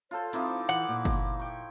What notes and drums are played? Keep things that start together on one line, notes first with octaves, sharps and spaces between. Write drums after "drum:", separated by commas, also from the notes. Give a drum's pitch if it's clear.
F4 A4 C5 C#5
F3 C4 D#4 E4 D6, drum: hi-hat
E3 F#5
A#2
drum: kick F#1, open hi-hat
G5 C#6